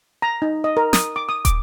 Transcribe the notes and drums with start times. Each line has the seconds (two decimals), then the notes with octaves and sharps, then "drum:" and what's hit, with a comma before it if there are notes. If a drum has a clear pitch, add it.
0.22 A#5
0.42 D#4
0.64 D#5
0.77 A#4
0.93 D#6, drum: snare
1.16 D6
1.29 D#6
1.45 D6, drum: kick, hi-hat